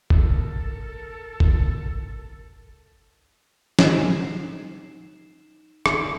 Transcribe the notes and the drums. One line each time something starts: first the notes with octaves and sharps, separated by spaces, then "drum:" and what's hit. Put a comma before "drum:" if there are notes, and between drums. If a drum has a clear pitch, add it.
A4 A#4, drum: kick
drum: kick
D#4 C7 E7, drum: snare
drum: rim click